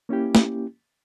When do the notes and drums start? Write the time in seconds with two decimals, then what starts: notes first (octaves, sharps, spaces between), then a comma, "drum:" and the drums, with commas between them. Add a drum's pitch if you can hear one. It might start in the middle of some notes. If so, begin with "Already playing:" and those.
0.09 A#3 C#4 E4 G4
0.35 drum: snare